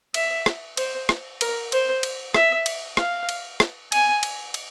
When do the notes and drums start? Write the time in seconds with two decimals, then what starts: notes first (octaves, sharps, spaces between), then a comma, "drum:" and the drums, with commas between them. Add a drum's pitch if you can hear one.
0.14 E5, drum: cymbal
0.46 drum: rim click
0.77 C5, drum: cymbal
1.09 drum: rim click
1.41 A#4, drum: cymbal
1.72 C5, drum: cymbal
2.03 drum: cymbal
2.34 E5, drum: rim click
2.66 drum: cymbal
2.97 F5, drum: rim click
3.29 drum: cymbal
3.60 drum: rim click
3.92 G#5, drum: cymbal
4.23 drum: cymbal
4.54 drum: cymbal